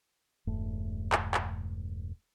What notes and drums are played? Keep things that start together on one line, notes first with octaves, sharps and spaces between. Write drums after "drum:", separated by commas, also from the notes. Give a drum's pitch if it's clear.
E1 G2 A3
drum: clap
drum: clap